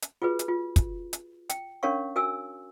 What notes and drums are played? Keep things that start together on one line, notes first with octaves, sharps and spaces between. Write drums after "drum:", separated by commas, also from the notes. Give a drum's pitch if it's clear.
drum: hi-hat
F4 F#4 G#4 B4
drum: hi-hat
F4
drum: kick, hi-hat
drum: hi-hat
G5, drum: hi-hat
C#4 D4 A#4 C#5 F5 C#6
F#4 A#4 G#5 E6